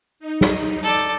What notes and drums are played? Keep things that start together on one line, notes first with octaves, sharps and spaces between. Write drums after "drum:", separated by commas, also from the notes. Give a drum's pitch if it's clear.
D#4
drum: snare
A4 D5